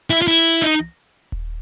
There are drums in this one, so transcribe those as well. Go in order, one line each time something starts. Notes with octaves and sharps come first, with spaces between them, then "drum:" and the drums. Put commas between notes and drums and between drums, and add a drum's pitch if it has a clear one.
E4
F4
E4
D#4
drum: kick D#1